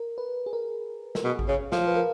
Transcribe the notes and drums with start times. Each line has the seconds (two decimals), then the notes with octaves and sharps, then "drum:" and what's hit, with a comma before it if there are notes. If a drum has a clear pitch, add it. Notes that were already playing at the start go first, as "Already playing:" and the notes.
Already playing: A#4
0.18 B4
0.46 G#4
0.53 A#4
1.15 A#4, drum: snare
1.25 B2 G#4
1.39 drum: kick G#1
1.48 C#3
1.72 F3, drum: snare
1.87 B4
1.96 A#4